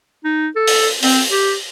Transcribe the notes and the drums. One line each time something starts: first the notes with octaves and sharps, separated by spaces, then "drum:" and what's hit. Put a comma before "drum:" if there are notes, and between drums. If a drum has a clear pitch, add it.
D#4
A4
drum: open hi-hat
C4, drum: open hi-hat
G4